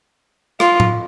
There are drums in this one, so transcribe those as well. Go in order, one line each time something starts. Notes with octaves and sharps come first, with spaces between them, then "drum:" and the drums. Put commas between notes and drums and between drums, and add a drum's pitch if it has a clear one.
F4, drum: rim click
drum: tom A2